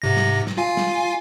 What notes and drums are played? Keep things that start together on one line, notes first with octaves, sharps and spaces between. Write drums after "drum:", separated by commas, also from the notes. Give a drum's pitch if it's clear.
G#2 C3 A#6
drum: snare
drum: snare
F4 F5 G#5
drum: snare